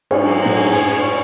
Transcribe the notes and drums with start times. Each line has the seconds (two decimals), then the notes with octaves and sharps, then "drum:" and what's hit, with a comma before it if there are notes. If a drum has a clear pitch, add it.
0.11 G#2 C#4, drum: cymbal
0.26 F#3
0.41 A2 F#3
0.57 G#2 C#4
0.71 F#2 G#4
0.86 C#4
1.01 C#4